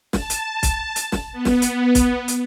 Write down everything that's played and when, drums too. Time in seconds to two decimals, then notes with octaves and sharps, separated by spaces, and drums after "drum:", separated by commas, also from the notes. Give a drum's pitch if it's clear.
0.13 A5, drum: snare
0.30 drum: hi-hat
0.63 drum: kick, hi-hat
0.96 drum: hi-hat
1.12 drum: snare
1.32 B3
1.45 drum: snare
1.62 drum: hi-hat
1.95 drum: kick, hi-hat
2.28 drum: hi-hat